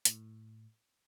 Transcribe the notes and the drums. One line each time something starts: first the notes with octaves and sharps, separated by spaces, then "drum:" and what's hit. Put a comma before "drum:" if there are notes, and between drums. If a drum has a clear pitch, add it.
A2, drum: hi-hat